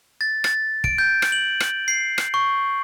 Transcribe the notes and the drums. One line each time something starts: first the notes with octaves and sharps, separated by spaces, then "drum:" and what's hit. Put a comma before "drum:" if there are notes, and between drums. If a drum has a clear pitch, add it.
A6
A6, drum: rim click
D7, drum: kick
G6
drum: rim click
F#7
drum: rim click
C7
drum: rim click
C#6